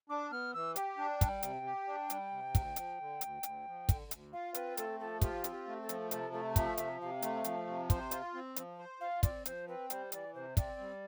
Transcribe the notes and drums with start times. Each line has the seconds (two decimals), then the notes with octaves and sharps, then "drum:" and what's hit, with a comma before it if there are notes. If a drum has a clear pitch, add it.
0.09 D4 D6
0.31 B3 F6
0.54 E3 E6
0.76 G4 G5, drum: hi-hat
0.98 D4
1.21 G3, drum: kick, hi-hat
1.43 C3, drum: hi-hat
1.65 G4
1.87 D4
2.10 G3, drum: hi-hat
2.32 C3
2.55 D2, drum: kick, hi-hat
2.76 F3, drum: hi-hat
3.00 D3
3.21 D2, drum: hi-hat
3.43 D2, drum: hi-hat
3.66 F3
3.89 D3, drum: kick, hi-hat
4.11 D2, drum: hi-hat
4.33 F4 F5
4.54 C4 B4, drum: hi-hat
4.77 A3 A4, drum: hi-hat
5.00 F3 A4
5.21 F4 G4, drum: kick, hi-hat
5.44 C4, drum: hi-hat
5.52 G4
5.67 A3
5.82 A4
5.89 F3, drum: hi-hat
6.11 C3 A4, drum: hi-hat
6.33 A3 A4
6.56 F3 E5, drum: kick, hi-hat
6.77 C3 E5, drum: hi-hat
7.01 C3 F5
7.22 A3, drum: hi-hat
7.44 F3, drum: hi-hat
7.67 C3
7.90 C5, drum: kick, hi-hat
8.11 F4, drum: hi-hat
8.34 C4
8.56 F3, drum: hi-hat
8.79 C5
9.01 F4 F5
9.23 C4 D5, drum: kick, hi-hat
9.45 F3 C5, drum: hi-hat
9.67 C4 B4
9.90 G3 C5, drum: hi-hat
10.12 E3 D5, drum: hi-hat
10.34 C3 C5
10.57 C4 D5, drum: kick, hi-hat
10.80 G3